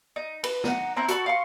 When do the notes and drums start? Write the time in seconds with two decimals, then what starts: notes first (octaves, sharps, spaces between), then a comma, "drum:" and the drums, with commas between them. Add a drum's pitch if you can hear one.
0.16 D#4
0.44 B4, drum: cymbal
0.64 D#4 F#5, drum: snare
0.96 C4 E4 A#5 F#6
1.08 F#4 A4 B5 C#6, drum: hi-hat
1.26 F5 C6 C#6